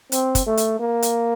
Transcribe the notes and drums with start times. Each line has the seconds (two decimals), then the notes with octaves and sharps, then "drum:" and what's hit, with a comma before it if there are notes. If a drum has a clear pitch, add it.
0.12 C4, drum: hi-hat
0.35 drum: kick, hi-hat
0.46 A3
0.57 drum: hi-hat
0.79 A#3
1.02 drum: hi-hat